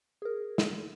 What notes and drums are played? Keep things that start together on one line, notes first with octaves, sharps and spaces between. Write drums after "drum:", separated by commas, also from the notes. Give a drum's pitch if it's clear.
G#4 A#4
drum: snare